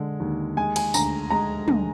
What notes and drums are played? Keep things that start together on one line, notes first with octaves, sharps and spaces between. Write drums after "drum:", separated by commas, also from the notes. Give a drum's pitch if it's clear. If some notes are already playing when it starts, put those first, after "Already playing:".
Already playing: D3 G#3
D#2
G#3 G#5
G#5, drum: cymbal
D2 A#5, drum: tambourine
G#3 A#5
D2, drum: tom